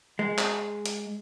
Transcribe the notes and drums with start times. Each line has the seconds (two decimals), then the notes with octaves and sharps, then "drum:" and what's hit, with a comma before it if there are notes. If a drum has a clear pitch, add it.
0.19 G#3
0.38 drum: clap
0.86 drum: hi-hat